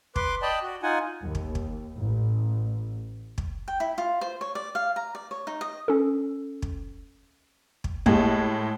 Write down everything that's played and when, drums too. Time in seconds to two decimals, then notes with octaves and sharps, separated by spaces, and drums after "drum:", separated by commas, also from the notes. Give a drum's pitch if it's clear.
0.16 B4 C6 D6, drum: kick
0.42 D5 D#5 G5 A5 B5
0.62 F#4
0.83 D#4 F4 F#5 G#5
1.21 D#2
1.35 drum: kick
1.55 drum: kick
1.97 A1
3.38 drum: kick
3.68 G5
3.80 E4
3.98 F4
4.21 C5
4.41 C#5
4.55 D5
4.75 F5
4.96 A#5
5.15 D5
5.31 C#5
5.47 D#4
5.61 D#5
5.88 C#4 A4
6.62 drum: kick
7.84 drum: kick
8.06 A2 G#3 A#3 G4, drum: kick